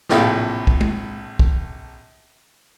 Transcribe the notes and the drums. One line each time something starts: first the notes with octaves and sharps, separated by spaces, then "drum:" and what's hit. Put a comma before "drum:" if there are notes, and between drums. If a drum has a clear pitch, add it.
A#1 A2 C3 F4 G4, drum: snare
drum: kick
drum: tom G#3
drum: kick